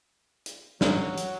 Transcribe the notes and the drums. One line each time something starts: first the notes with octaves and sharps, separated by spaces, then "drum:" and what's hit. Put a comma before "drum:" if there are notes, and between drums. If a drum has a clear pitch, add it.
drum: hi-hat
F#3, drum: snare
drum: hi-hat